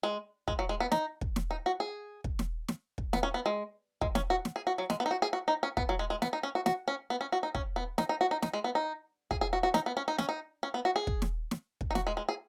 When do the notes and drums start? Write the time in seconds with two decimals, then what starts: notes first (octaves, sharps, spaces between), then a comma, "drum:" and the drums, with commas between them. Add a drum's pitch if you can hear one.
0.03 G#3
0.48 G#3, drum: kick
0.59 F#3
0.69 G#3
0.80 B3
0.92 D#4, drum: snare
1.21 drum: kick
1.36 drum: snare
1.51 D#4
1.66 F#4
1.80 G#4
2.24 drum: kick
2.39 drum: snare
2.68 drum: snare
2.98 drum: kick
3.13 B3, drum: snare
3.23 C#4
3.34 B3
3.46 G#3
4.01 G#3, drum: kick
4.15 C#4, drum: snare
4.30 F#4
4.45 drum: snare
4.56 G#4
4.67 F#4
4.78 F#3
4.90 G#3, drum: snare
5.00 B3
5.06 D#4
5.11 F#4
5.22 G#4
5.33 F#4
5.48 D#4
5.63 C#4
5.77 B3, drum: kick
5.89 F#3
5.99 G#3
6.10 G#3
6.22 B3, drum: snare
6.33 D#4
6.43 C#4
6.55 F#4
6.66 F#4, drum: snare
6.88 C#4
7.10 B3
7.21 C#4
7.32 F#4
7.43 D#4
7.55 C#4, drum: kick
7.76 B3
7.98 D#4, drum: snare
8.09 D#4
8.21 F#4
8.31 D#4
8.42 D#4, drum: snare
8.53 G#3
8.64 B3
8.75 D#4
9.31 G#4, drum: kick
9.41 G#4
9.53 F#4
9.63 F#4
9.74 D#4, drum: snare
9.86 B3
9.97 C#4
10.08 D#4
10.18 C#4, drum: snare
10.29 D#4
10.63 C#4
10.74 B3
10.85 F#4
10.96 G#4
11.07 drum: kick
11.22 drum: snare
11.51 drum: snare
11.81 drum: kick
11.91 D#4
11.95 F#4, drum: snare
12.07 G#3
12.17 G#3
12.29 G#4